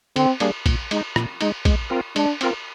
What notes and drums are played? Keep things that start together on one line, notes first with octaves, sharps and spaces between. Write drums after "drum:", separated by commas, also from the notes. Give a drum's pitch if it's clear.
D3 C4, drum: cymbal
G3 A#3 D4 G#4, drum: cymbal
A#2, drum: kick A#1, cymbal
G#3 D#4, drum: cymbal
A#2, drum: rim click
G#3 D#4, drum: cymbal
G#3, drum: kick A#1, cymbal
C4 F4 A#4
G#3 D4, drum: cymbal
C4 F4 A#4, drum: cymbal